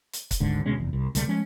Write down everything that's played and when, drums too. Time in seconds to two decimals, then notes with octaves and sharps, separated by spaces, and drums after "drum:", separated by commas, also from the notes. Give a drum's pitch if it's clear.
0.13 drum: hi-hat
0.31 drum: kick C#1, hi-hat
0.40 G#1 D2 G#2 D3
0.66 D2 B2 G#3 C#4
0.78 F1 E2
0.93 C2
1.15 C2 C#3 G3 A3, drum: hi-hat
1.28 F3 G#3 A3 C#4